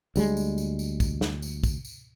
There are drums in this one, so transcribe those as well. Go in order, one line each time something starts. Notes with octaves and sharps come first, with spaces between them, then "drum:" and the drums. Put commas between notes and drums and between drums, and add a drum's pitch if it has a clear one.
D2 G3 G#3, drum: tambourine
drum: tambourine
drum: tambourine
drum: tambourine
drum: kick, tambourine
drum: snare
drum: tambourine
drum: kick, tambourine
drum: tambourine